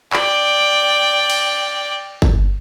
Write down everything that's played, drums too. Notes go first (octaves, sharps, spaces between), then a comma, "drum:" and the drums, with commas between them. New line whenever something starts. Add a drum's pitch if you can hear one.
D5 G5, drum: clap
drum: cymbal
drum: kick G1